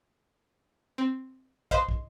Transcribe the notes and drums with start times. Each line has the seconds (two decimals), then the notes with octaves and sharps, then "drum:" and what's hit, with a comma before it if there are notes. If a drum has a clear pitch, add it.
0.98 C4
1.71 B4 C5 D#5 F5 C6, drum: kick
1.89 drum: kick